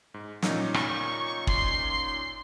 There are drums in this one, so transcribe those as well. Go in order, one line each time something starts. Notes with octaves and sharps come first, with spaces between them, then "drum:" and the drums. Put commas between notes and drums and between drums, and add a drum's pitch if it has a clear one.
G#2
A#2 C#4 D#4, drum: snare
C#6, drum: rim click
C6, drum: kick